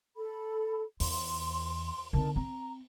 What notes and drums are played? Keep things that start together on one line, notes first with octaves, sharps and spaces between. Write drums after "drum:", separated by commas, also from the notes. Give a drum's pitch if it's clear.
A4 B5
E2 C6, drum: open hi-hat
D3 C4 D#4 A#4 A5
C4 A#5